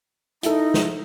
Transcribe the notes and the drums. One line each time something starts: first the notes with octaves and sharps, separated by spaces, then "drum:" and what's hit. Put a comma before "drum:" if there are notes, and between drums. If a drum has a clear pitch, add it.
D#4 E4 A4, drum: hi-hat
drum: snare